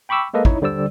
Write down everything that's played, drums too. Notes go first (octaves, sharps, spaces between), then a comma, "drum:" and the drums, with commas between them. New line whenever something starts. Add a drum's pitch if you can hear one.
G5 B5 C#6 D6 E6
G#3 A#3 A4 B4 D#5
D#4 E4 C#5, drum: kick
D3 G3 C5 D5 E6